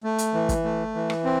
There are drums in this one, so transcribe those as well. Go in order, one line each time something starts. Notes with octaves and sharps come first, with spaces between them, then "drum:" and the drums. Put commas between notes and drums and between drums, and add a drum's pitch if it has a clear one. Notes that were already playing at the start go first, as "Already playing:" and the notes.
A3
drum: hi-hat
E3
drum: kick, hi-hat
A3
E3
drum: rim click
C4